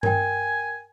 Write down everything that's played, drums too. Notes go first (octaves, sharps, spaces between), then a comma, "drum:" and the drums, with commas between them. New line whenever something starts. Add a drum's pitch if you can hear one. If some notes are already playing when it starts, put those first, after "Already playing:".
A#4 G5 G#5, drum: tom G2